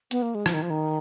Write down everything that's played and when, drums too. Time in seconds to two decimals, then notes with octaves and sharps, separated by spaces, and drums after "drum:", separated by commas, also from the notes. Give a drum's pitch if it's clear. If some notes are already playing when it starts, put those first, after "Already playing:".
0.11 B3, drum: hi-hat
0.22 A#3
0.35 G#3
0.46 F3, drum: rim click
0.54 D#3
0.62 F3
0.70 D#3